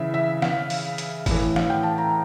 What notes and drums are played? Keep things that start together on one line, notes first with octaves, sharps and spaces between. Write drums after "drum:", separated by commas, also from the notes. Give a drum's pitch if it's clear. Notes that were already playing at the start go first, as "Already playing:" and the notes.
Already playing: C#3 E3 E5
E5
F5, drum: snare
drum: open hi-hat
drum: hi-hat
A2 E3, drum: kick G#1, open hi-hat
F5, drum: snare
G5
A5
A#5